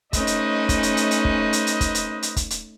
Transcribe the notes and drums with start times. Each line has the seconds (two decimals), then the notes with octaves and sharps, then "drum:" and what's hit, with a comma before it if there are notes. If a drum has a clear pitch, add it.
0.13 A3 C#4 D#4 B4 C5 D#5, drum: kick, hi-hat
0.27 drum: hi-hat
0.69 drum: kick, hi-hat
0.83 drum: hi-hat
0.97 drum: hi-hat
1.11 drum: hi-hat
1.25 drum: kick
1.53 drum: hi-hat
1.67 drum: hi-hat
1.81 drum: kick, hi-hat
1.95 drum: hi-hat
2.23 drum: hi-hat
2.36 drum: kick, hi-hat
2.50 drum: hi-hat